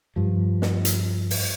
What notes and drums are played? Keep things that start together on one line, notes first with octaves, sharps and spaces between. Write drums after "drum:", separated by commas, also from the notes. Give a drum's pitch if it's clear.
G2 F3
drum: snare
drum: hi-hat
drum: open hi-hat